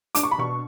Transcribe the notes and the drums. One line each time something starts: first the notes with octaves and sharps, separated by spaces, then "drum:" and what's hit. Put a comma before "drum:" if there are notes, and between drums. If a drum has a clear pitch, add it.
D4 D6, drum: hi-hat
C#6
B5
B2 C#6